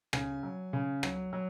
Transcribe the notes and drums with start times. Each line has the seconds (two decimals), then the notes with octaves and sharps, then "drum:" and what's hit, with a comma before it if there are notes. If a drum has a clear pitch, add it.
0.13 C#3 G#5, drum: rim click
0.43 F#3
0.73 C#3
1.03 F#3, drum: rim click
1.33 F#3